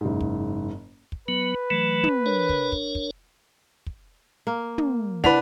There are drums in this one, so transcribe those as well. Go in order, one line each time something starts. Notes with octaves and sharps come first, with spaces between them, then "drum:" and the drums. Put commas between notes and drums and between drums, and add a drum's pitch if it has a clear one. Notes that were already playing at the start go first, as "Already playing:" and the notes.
F#1 G#2
drum: kick
drum: kick
F#3 B3 B4
E3 F#3 A3
drum: tom
D4 A#4 C#5
drum: kick
drum: kick
drum: kick
drum: kick
A#3
drum: tom
D4 E4 B4 F#5 B6 F7, drum: kick